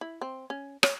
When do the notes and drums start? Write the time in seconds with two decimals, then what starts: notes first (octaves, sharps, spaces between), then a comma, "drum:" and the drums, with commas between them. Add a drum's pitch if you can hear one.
0.01 E4
0.21 C4
0.50 C#4
0.83 C#5, drum: rim click